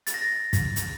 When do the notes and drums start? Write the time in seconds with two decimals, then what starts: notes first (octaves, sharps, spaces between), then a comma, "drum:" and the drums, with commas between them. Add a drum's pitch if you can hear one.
0.07 A6, drum: hi-hat
0.14 A#6
0.23 A6
0.53 drum: kick, hi-hat
0.76 drum: hi-hat